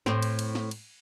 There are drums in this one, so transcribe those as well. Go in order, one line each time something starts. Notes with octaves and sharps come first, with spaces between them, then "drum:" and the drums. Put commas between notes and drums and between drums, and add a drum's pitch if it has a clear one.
A2 C4, drum: snare
drum: cymbal
drum: cymbal
drum: snare
drum: cymbal